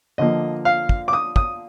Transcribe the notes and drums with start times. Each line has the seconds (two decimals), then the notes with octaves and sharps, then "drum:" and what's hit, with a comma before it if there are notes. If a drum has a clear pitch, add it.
0.18 D3 F3 A#3 D#5
0.65 F5
0.89 drum: kick
1.08 D6
1.13 D#6
1.36 D#6, drum: kick